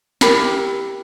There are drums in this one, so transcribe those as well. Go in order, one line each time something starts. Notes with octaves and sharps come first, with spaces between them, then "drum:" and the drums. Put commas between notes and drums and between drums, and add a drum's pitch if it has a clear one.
E4 G4 A#4 B5, drum: snare